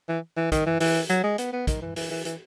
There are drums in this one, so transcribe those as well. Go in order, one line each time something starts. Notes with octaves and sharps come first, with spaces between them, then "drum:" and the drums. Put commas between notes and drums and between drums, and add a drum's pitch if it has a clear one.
E3
E3
D#3, drum: kick, hi-hat
E3
E3, drum: open hi-hat
F#3, drum: hi-hat
G#3
B3, drum: hi-hat
B3
D#3, drum: kick, hi-hat
E3
E3, drum: open hi-hat
E3
E3, drum: hi-hat